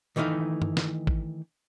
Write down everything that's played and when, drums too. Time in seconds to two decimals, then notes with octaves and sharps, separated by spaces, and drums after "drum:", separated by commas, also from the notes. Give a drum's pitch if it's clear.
0.16 D#3 E3 A3 D#4 F5
0.62 drum: tom G2
0.77 drum: snare
1.07 drum: kick